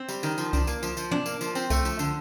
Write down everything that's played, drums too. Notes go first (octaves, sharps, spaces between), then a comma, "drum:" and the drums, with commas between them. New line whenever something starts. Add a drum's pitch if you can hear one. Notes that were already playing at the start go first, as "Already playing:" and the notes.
Already playing: C4
G3, drum: tambourine
D#3, drum: tambourine
F3, drum: tambourine
D4, drum: kick C2, tambourine
A#3, drum: tambourine
F3, drum: tambourine
F3, drum: tambourine
D4, drum: tom
A#3, drum: tambourine
F3, drum: tambourine
C4, drum: tambourine
A3, drum: kick C2, tambourine
F3, drum: tambourine
D3, drum: tambourine